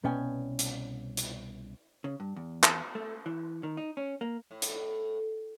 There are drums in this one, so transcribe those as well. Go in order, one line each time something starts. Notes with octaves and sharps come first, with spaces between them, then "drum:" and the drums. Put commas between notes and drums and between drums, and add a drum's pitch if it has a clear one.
C2 B2 B3 C#4 G5 G#5
drum: hi-hat
drum: hi-hat
C#3
G2
E2
drum: clap
A3
E3
D#3
D#4
C#4
A#3
A2
drum: hi-hat